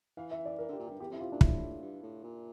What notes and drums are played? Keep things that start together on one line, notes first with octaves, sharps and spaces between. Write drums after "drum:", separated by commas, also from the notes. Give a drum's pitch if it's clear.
E3 F5
E5
D5
E3 A#4
D3
G4
A#2
G4
G2
E2 G4
F2 E4
C3 F4
A#2 D4
A2 E4, drum: kick
G2
A2
A#2